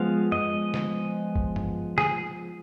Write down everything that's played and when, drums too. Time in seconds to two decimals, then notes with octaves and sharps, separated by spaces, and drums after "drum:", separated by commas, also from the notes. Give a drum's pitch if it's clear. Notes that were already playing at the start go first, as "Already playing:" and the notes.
Already playing: F3 G#3 B3 F5
0.32 D#5, drum: tom F#2
0.74 drum: snare
1.36 drum: kick G1
1.56 drum: tom G2
1.98 G#4, drum: snare